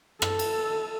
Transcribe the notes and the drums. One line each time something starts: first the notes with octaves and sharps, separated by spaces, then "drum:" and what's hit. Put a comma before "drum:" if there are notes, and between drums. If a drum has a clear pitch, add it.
A4, drum: rim click
drum: cymbal